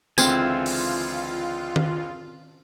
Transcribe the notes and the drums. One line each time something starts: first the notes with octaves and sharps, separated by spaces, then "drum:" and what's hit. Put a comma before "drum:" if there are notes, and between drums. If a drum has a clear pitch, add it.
C#2 D3 E3 C4 F4 E5 F5 G#5, drum: tambourine
drum: open hi-hat
drum: tom D#3